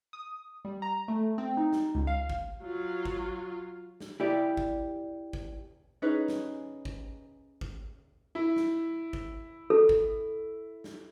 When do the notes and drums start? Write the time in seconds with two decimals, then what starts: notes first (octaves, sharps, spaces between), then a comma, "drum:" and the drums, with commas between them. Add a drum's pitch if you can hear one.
0.13 D#6
0.65 G3
0.82 A#5
1.08 A3
1.38 C4
1.57 D#4
1.73 drum: snare
1.95 C#2
2.07 F5
2.29 drum: kick G#1
2.63 F#3 F4
3.05 drum: kick G#1
4.00 drum: snare
4.20 E4 G4 D5
4.57 drum: kick G#1
5.33 drum: kick G#1
6.02 C#4 D#4 G#4 B4
6.28 drum: snare
6.85 drum: kick G#1
7.61 drum: kick G#1
8.35 E4
8.56 drum: snare
9.13 drum: kick G#1
9.70 A4
9.89 drum: kick G#1
10.84 drum: snare